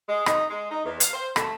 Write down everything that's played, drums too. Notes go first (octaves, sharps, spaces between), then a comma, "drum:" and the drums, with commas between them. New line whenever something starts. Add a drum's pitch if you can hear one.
G#3
D#4, drum: rim click
G#3
D#4
E2
F5, drum: hi-hat
C5
A3, drum: rim click